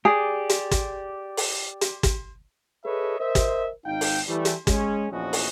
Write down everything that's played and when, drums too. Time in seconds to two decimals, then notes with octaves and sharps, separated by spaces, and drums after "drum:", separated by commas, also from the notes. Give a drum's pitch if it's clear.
0.05 G4 G#4 D5
0.49 drum: hi-hat
0.71 drum: kick, hi-hat
1.37 drum: open hi-hat
1.81 drum: hi-hat
2.03 drum: kick, hi-hat
2.85 G#4 A4 B4 C#5 D#5 E5
3.19 A#4 C5 D#5 E5
3.35 drum: kick, hi-hat
3.86 G#1 D#4 F5 G5
4.01 drum: open hi-hat
4.28 E3 G3 A3
4.45 drum: hi-hat
4.67 G#3 C#4, drum: kick, hi-hat
5.11 A#1 E2 F3 C#4 F#4 D#5
5.33 drum: open hi-hat